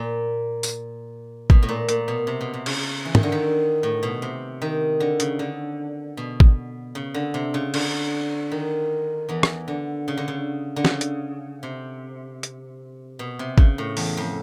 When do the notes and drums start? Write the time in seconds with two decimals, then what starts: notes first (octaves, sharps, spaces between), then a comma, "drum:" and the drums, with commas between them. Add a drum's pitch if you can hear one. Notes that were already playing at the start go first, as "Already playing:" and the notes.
Already playing: A#2
0.63 drum: tambourine
1.50 B2, drum: kick G#1
1.62 A2
1.69 A#2
1.89 A#2, drum: hi-hat
2.08 B2
2.27 C3
2.41 B2
2.54 C3
2.66 C#3, drum: cymbal
3.05 E3
3.15 D#3, drum: tom
3.23 D3
3.32 D#3
3.83 A2
4.03 B2
4.22 C3
4.62 D#3
5.00 D3
5.20 C#3, drum: hi-hat
5.39 D3
6.17 B2
6.40 drum: kick G#1
6.95 C#3
7.14 D3
7.34 C3
7.54 C#3
7.74 D3, drum: cymbal
8.52 D#3
9.29 E2 E3
9.43 drum: rim click
9.68 D3
10.08 C#3
10.17 D3
10.28 C#3
10.76 D3
10.85 C#3, drum: snare
11.01 drum: hi-hat
11.63 C3
12.43 drum: hi-hat
13.19 B2
13.39 C3
13.58 C#3, drum: kick G#1
13.78 A2
13.97 E2, drum: open hi-hat
14.17 F2